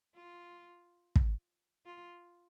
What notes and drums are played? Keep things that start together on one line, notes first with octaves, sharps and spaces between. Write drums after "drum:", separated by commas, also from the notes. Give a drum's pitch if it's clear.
F4
drum: kick
F4